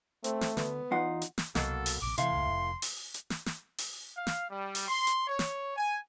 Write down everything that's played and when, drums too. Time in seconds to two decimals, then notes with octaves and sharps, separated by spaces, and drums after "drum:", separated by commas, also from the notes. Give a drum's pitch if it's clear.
0.24 A3 C4, drum: hi-hat
0.41 drum: snare
0.57 D2 B3, drum: snare
0.91 E2 D#4 F4 F#5
1.22 drum: hi-hat
1.38 drum: snare
1.55 C2 B2 F#3 A#3 A4, drum: snare
1.86 drum: open hi-hat
2.02 A#1 G#2 B2 D6
2.18 A2 C3 E3 E5 F5 C6, drum: hi-hat
2.31 F1 C#2
2.46 F1
2.82 drum: open hi-hat
3.14 drum: hi-hat
3.30 drum: snare
3.46 drum: snare
3.78 drum: open hi-hat
4.17 F5
4.27 drum: snare
4.49 G3
4.75 drum: open hi-hat
4.89 C6
5.07 drum: hi-hat
5.27 C#5
5.39 drum: snare
5.77 G#5